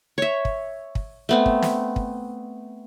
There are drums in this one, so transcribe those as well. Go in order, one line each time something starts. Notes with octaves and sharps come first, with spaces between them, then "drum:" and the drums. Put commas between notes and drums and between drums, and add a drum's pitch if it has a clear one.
C#5 E5
drum: kick
drum: kick
A3 B3 C4
drum: kick
drum: snare
drum: kick